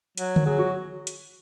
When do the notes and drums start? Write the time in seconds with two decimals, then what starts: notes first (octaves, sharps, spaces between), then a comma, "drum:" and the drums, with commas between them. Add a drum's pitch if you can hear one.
0.18 F#3, drum: hi-hat
0.36 drum: tom D3
0.45 F#3 G#4
0.58 F#4
1.07 drum: hi-hat